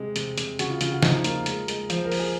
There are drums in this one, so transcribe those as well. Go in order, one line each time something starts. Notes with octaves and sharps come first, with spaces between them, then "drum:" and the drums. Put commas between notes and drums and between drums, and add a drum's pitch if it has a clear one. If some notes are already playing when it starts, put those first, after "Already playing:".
Already playing: C3 G#3
C3, drum: hi-hat
C3, drum: hi-hat
C#3 F#4, drum: hi-hat
F4
C#3 F4, drum: hi-hat
F#4
F3 D#4, drum: snare
A#3 F4, drum: hi-hat
G#3, drum: hi-hat
G#3, drum: hi-hat
F3 C5, drum: hi-hat
A#4
F3, drum: open hi-hat
G#4